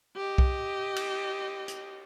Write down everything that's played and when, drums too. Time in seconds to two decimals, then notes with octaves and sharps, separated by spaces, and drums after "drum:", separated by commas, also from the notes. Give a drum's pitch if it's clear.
0.16 G4 D#5
0.38 drum: kick B1
0.96 drum: cymbal
1.68 drum: hi-hat